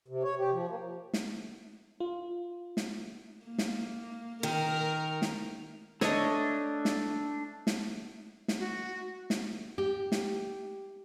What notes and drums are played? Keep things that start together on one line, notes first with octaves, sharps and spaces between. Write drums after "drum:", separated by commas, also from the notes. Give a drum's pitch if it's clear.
C3
C#5
G4
F3
A#3
drum: snare
F4
drum: snare
A#3
drum: snare
D#3 A#4
drum: snare
A3 D4 C#5 D#5, drum: snare
drum: snare
drum: snare
drum: snare
F#4
drum: snare
G4
drum: snare